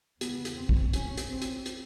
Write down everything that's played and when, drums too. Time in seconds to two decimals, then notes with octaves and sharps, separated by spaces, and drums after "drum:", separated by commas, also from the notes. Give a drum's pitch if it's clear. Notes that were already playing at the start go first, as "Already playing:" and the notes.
0.21 E2 C#3 B3, drum: hi-hat
0.45 drum: hi-hat
0.57 C4
0.69 drum: kick
0.93 C#4, drum: hi-hat
1.17 drum: hi-hat
1.30 C4
1.42 drum: hi-hat
1.66 drum: hi-hat